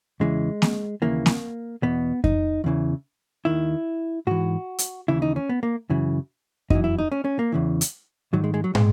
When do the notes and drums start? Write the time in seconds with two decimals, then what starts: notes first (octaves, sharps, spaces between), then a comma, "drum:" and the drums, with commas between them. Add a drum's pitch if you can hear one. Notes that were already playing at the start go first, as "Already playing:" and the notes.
0.20 E2 C#3 E3 G#3
0.62 drum: snare A#3
1.02 D#2 C#3 E3 A#3
1.26 drum: snare A#3
1.83 E2 B2 B3
2.24 D#4, drum: kick F2
2.64 E2 C#3 E3
3.45 D#2 D#3 E4
4.27 G#2 E3 F#4
4.79 drum: hi-hat
5.08 D#2 C#3 E3 E4
5.22 D#4
5.36 C#4
5.49 B3
5.63 A#3
5.90 F#2 C#3 E3
6.70 F#2 E3 D#4, drum: kick F2
6.84 E4
6.99 D#4
7.12 C#4
7.25 C#4
7.39 A#3
7.52 E2 C#3 E3
7.81 drum: hi-hat
8.33 G#2 D#3 F#3
8.44 G#3
8.54 G#3
8.64 F#3
8.75 G#3, drum: tom